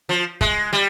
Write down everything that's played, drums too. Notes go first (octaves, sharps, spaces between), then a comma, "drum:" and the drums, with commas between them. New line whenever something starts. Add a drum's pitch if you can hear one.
F3
G#3, drum: kick
G3